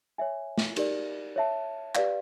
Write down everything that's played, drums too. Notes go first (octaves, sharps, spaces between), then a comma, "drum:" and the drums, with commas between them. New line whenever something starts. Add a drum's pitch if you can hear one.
C#5 E5 G#5
drum: snare
D#4 G4 A#4 D5, drum: cymbal
C#5 E5 A5
G4 B4 D5 F5, drum: clap